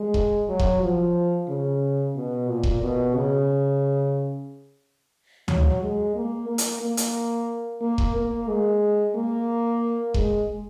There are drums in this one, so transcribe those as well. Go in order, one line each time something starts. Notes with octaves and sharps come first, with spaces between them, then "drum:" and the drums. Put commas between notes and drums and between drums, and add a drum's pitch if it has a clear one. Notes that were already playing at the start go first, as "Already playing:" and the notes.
Already playing: G#3
drum: kick E1
F#3
drum: kick E1
F3
C#3
B2
A#2
drum: kick E1
B2
C#3
F#3, drum: tom D2
G#3
A#3
A#3
drum: hi-hat
A#3
drum: hi-hat
A#3
drum: kick E1
A#3
G#3
A#3
G#3, drum: kick E1